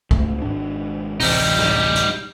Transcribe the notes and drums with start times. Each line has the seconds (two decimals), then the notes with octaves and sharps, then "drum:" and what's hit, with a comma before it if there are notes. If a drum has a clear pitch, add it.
0.11 C#2 A3, drum: kick
0.42 G#1 G#2 D4
1.20 A1 D2 C3 G3 D#4, drum: open hi-hat
1.59 drum: snare
1.96 drum: hi-hat